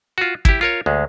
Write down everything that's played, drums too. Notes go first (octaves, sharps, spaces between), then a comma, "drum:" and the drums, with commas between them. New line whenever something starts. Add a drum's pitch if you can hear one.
F4 F#4
E4 G4, drum: kick
F4 A#4 C#5
D2 G#3